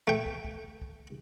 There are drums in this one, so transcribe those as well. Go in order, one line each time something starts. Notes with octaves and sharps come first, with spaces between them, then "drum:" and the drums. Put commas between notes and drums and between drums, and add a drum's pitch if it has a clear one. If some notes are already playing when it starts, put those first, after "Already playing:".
A3 G5
drum: kick
drum: kick
drum: kick